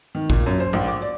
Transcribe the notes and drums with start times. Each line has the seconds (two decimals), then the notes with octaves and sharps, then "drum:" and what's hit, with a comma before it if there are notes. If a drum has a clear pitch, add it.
0.15 D#3
0.30 A#2, drum: kick
0.46 F#2
0.60 C5
0.73 A#1
0.88 D6
1.02 D5